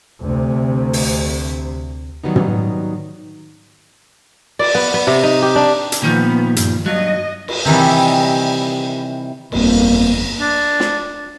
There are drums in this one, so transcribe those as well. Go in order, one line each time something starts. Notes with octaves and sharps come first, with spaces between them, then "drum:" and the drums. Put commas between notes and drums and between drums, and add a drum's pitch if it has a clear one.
D2 C3
drum: open hi-hat
D#3 F#3 G3 B3 D#4
drum: tom
D5, drum: cymbal
B3
B3
C3
D#4
G4
D4
drum: hi-hat
A#2 D#3 F3 B3
G2, drum: hi-hat
G2 F#3 D#5
drum: cymbal
C3 D#3 E3 G3
G1 F2 A#3, drum: cymbal
D4
drum: snare